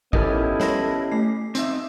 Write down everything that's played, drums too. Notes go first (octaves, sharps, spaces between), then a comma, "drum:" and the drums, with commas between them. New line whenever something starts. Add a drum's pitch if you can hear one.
B3 C#4 D#4 E4 G4 A4 A#4 D#5, drum: kick A1
C#5 A#6, drum: snare
A3 C7
C4 D#4 E5, drum: hi-hat